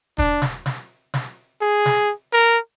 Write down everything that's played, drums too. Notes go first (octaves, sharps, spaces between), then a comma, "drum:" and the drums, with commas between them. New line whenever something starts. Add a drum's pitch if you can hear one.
D4, drum: kick
drum: snare
drum: snare
drum: snare
G#4
drum: snare
A#4